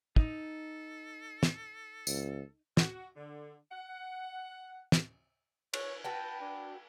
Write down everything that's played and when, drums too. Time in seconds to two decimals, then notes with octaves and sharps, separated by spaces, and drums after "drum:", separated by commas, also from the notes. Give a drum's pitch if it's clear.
0.16 D#4 A4, drum: kick
1.43 drum: snare
2.07 C#2, drum: tambourine
2.77 F#4, drum: snare
3.16 D3
3.72 F#5
4.92 drum: snare
5.74 C#5, drum: cymbal
6.04 F#4 B4 G5 A5
6.40 D4